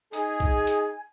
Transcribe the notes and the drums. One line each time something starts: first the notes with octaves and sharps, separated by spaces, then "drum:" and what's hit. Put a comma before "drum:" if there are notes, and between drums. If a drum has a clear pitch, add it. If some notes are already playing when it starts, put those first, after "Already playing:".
D#4 G#4 G#5, drum: hi-hat
drum: kick
drum: hi-hat